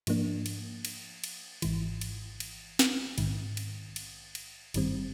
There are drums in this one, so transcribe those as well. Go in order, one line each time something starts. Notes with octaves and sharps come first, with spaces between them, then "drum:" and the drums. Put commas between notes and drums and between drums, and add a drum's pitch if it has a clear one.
G#2 F3 A#3 D4, drum: cymbal
drum: cymbal
drum: cymbal
drum: cymbal
G#1 G#2 E3, drum: cymbal
drum: cymbal
drum: cymbal
drum: snare
A#1 G#2 D#3, drum: cymbal
drum: cymbal
drum: cymbal
drum: cymbal
G#1 G2 D#3 G3 C4, drum: cymbal